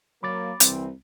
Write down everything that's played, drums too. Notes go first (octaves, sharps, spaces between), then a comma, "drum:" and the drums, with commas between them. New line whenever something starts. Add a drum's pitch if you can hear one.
F#3 A#3 B5 D6 A6
C2 E3 C4, drum: hi-hat